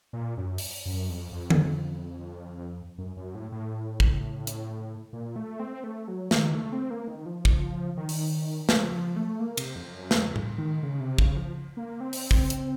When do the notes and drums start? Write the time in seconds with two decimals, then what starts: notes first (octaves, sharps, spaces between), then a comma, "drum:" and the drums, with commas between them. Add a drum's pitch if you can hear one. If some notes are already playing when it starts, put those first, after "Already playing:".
0.13 A#2
0.37 F#2
0.58 drum: open hi-hat
0.86 F#2
1.09 F2
1.32 F2
1.50 drum: tom D3
2.98 F#2
3.17 F#2
3.35 A2
3.52 A2
4.00 drum: kick
4.47 drum: hi-hat
5.13 A#2
5.36 A3
5.60 C4
5.84 A3
6.08 F#3
6.31 D#3, drum: snare
6.55 A3
6.73 C4
6.90 A#3
7.08 D#3
7.26 F3
7.45 drum: kick
7.97 D#3
8.09 drum: open hi-hat
8.69 F3, drum: snare
8.92 F3
9.16 A3
9.40 A#3
9.57 C3, drum: cymbal
9.76 F2
9.93 F#2
10.11 F2, drum: snare
10.36 drum: tom A2
10.58 D#3
10.83 C#3
11.00 C3
11.18 C#3, drum: kick
11.36 F3
11.77 A#3
12.00 C4
12.13 drum: open hi-hat
12.31 drum: kick
12.50 drum: hi-hat